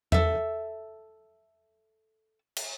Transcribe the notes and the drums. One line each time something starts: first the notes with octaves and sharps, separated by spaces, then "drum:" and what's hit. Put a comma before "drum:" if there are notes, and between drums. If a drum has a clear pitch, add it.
A4 E5, drum: tom E2
drum: cymbal